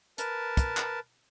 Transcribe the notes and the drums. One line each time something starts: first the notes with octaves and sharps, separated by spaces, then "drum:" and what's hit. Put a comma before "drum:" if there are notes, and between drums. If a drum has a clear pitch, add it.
A#4 B4 A5, drum: hi-hat
drum: kick, hi-hat
drum: clap